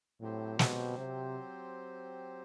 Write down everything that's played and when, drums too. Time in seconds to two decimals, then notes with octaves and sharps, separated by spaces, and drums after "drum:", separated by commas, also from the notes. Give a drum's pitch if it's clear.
0.21 A2 F#3 C4 G4 C5
0.59 B2, drum: snare
0.98 C3